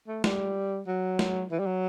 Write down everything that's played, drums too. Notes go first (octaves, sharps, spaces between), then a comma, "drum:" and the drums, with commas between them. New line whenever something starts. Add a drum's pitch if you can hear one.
A3
G3, drum: snare
F#3
drum: snare
E3
G3
F#3